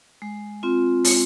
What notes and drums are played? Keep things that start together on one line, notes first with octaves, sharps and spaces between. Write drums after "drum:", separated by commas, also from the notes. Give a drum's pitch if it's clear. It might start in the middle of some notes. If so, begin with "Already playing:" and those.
G#3
C4 F4
G#3, drum: open hi-hat